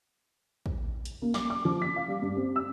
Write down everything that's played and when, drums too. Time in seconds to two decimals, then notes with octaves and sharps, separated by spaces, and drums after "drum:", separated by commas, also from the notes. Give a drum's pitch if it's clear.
0.66 drum: kick
1.05 drum: hi-hat
1.22 A#3
1.34 D6, drum: snare
1.50 D6
1.65 F3
1.82 B6
1.96 F5
2.08 G3
2.22 G2
2.36 C4
2.56 E6